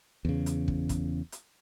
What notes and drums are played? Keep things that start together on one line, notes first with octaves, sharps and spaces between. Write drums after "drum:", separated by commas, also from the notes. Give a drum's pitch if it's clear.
E2 C#3
drum: hi-hat
drum: kick
drum: kick, hi-hat
drum: hi-hat